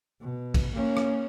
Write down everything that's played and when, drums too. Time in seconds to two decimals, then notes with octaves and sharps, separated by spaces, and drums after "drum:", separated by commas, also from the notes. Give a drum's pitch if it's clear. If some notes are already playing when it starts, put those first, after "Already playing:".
0.21 B2
0.54 drum: kick A1, cymbal
0.76 A#3 C#4
0.97 drum: rim click